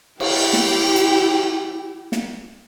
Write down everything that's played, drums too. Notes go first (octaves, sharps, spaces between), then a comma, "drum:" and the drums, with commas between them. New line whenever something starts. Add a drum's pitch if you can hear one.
E4 G4, drum: cymbal
drum: snare
drum: hi-hat
drum: snare